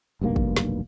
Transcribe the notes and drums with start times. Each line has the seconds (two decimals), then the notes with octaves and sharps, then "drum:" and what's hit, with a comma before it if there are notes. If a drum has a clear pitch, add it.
0.21 F1 B1 G2 A#3
0.36 drum: kick
0.56 drum: snare